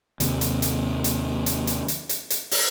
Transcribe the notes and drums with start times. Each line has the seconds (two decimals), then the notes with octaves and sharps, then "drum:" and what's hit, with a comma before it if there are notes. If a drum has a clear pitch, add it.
0.20 D#2 C3, drum: hi-hat
0.41 drum: hi-hat
0.62 drum: hi-hat
1.04 drum: hi-hat
1.46 drum: hi-hat
1.67 drum: hi-hat
1.88 drum: hi-hat
2.09 drum: hi-hat
2.30 drum: hi-hat
2.51 drum: open hi-hat